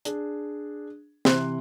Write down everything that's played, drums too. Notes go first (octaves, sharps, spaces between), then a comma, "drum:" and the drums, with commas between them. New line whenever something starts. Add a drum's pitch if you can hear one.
D4 G#4, drum: hi-hat
C3 E3 C6 F#6, drum: snare